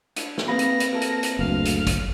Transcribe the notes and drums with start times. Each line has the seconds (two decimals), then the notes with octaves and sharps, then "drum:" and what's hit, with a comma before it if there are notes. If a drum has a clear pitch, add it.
0.16 D4 E4, drum: hi-hat
0.38 drum: snare
0.48 A#3 C4 G#4 B4 F5 B5 A#6
0.59 drum: hi-hat
0.80 drum: hi-hat
0.92 E4 A4 A#4
1.01 drum: hi-hat
1.23 drum: hi-hat
1.39 F#1 D2 F5
1.65 drum: hi-hat
1.87 drum: kick, hi-hat